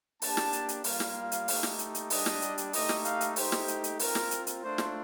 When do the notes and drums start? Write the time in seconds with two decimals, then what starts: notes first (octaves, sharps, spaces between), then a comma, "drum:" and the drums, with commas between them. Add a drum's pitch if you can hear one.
0.22 A#3 D4 G4 A5, drum: open hi-hat
0.37 drum: snare
0.53 drum: hi-hat
0.69 drum: hi-hat
0.84 G3 A#3 F4 F5, drum: open hi-hat
1.00 drum: snare
1.32 drum: hi-hat
1.48 A3 D#4 G4, drum: open hi-hat
1.63 drum: snare
1.79 drum: hi-hat
1.95 drum: hi-hat
2.10 G3 D4 G4 D#5, drum: open hi-hat
2.26 drum: snare
2.42 drum: hi-hat
2.58 drum: hi-hat
2.73 A3 D#4 G4 D#5, drum: open hi-hat
2.89 drum: snare
3.05 F5, drum: hi-hat
3.21 drum: hi-hat
3.36 A3 D#4 G4 C5, drum: open hi-hat
3.52 drum: snare
3.68 drum: hi-hat
3.84 drum: hi-hat
3.99 C4 F4 A#4, drum: open hi-hat
4.15 drum: snare
4.31 drum: hi-hat
4.47 drum: hi-hat
4.63 A3 D4 F4 C5
4.78 drum: snare